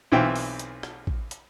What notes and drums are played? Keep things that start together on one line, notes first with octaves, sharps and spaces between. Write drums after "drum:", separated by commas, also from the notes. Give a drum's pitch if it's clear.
B1 E3 C4 E4 F4 G5
drum: open hi-hat
drum: hi-hat
drum: rim click
drum: kick
drum: hi-hat